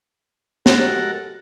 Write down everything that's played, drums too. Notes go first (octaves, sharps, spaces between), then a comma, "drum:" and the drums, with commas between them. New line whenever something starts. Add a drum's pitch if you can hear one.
G#3 F#4 G4 A4 A#4 F#5, drum: snare